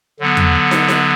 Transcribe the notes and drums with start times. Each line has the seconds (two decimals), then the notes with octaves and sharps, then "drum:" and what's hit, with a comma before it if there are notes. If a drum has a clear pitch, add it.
0.20 D3 F#3 B3
0.37 drum: tom E2
0.71 drum: snare
0.88 drum: snare